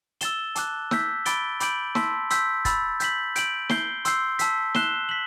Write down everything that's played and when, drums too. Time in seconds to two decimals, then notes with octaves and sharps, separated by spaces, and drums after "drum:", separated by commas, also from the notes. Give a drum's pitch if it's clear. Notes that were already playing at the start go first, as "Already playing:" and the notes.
0.21 E6 A6 E7 G7, drum: hi-hat
0.55 A5 D6 F#6, drum: hi-hat
0.91 E6 G6 B6, drum: snare
1.26 B5 D6 A6 D7 G7, drum: hi-hat
1.60 B5 D6 G6 D7 F#7, drum: hi-hat
1.95 A5 C6 E6 B6, drum: snare
2.30 C6 E6 G6 B6, drum: hi-hat
2.65 B5 E6 A6, drum: kick, hi-hat
3.00 G6 B6 F#7, drum: hi-hat
3.36 G6 D7 F#7, drum: hi-hat
3.70 G6 C7 G7, drum: snare
4.05 C6 E6 G6 C7, drum: hi-hat
4.39 A5 E6 B6, drum: hi-hat
4.75 F#6 C7 E7 G7, drum: snare
5.09 B6 F#7